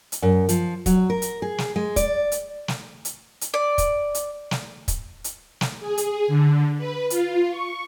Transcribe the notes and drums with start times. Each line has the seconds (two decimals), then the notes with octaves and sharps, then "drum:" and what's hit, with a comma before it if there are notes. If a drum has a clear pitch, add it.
0.12 drum: hi-hat
0.22 F#2
0.49 F3, drum: hi-hat
0.86 F#3, drum: kick, hi-hat
1.10 A#4
1.22 drum: hi-hat
1.42 G#4
1.58 drum: snare
1.76 G#3
1.96 D5, drum: kick, hi-hat
2.32 drum: hi-hat
2.68 drum: snare
3.05 drum: hi-hat
3.41 drum: hi-hat
3.54 D5
3.78 drum: kick, hi-hat
4.15 drum: hi-hat
4.51 drum: snare
4.88 drum: kick, hi-hat
5.24 drum: hi-hat
5.61 drum: snare
5.80 G#4
5.98 drum: hi-hat
6.28 D3
6.78 B4
7.10 F4, drum: hi-hat
7.50 C#6